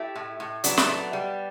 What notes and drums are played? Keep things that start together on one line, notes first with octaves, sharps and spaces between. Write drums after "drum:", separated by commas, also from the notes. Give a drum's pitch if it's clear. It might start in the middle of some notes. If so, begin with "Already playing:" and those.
Already playing: A3 E4 G4
A2
A2
F#3 B3 D4, drum: hi-hat
drum: snare
A3
G3